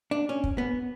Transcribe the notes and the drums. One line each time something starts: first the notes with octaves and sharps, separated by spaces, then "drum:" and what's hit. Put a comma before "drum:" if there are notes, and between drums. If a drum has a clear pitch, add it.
D4
C#4
drum: kick
B3